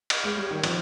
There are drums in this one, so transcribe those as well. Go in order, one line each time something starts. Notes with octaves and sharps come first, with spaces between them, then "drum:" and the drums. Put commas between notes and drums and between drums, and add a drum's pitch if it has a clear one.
drum: cymbal
G#3
G3
D#3
F3, drum: cymbal